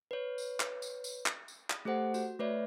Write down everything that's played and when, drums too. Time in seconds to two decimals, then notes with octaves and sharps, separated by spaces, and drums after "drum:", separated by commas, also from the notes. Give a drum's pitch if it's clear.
0.11 B4 C#5
0.38 drum: tambourine
0.60 drum: clap
0.82 drum: tambourine
1.04 drum: tambourine
1.26 drum: clap
1.48 drum: tambourine
1.70 drum: clap
1.85 A3 G4 A4 C5 F#5
2.14 F#4, drum: tambourine
2.39 A3 B4 C#5 D5 E5